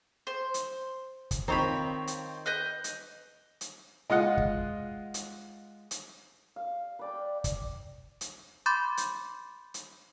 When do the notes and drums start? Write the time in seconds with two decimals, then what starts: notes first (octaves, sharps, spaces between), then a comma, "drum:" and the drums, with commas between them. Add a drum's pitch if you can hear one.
0.27 C5
0.54 drum: hi-hat
1.31 drum: kick, hi-hat
1.48 D#3 C4 F4 C#5 A#5 B5
2.07 drum: hi-hat
2.46 B4 D#5 G6
2.84 drum: hi-hat
3.61 drum: hi-hat
4.10 G#3 F4 D#5 F#5
4.37 drum: kick
5.14 drum: hi-hat
5.91 drum: hi-hat
6.56 F5
6.99 B4 D5 G5
7.44 drum: kick, hi-hat
8.21 drum: hi-hat
8.66 B5 C6 D6 G6 A6
8.97 drum: hi-hat
9.74 drum: hi-hat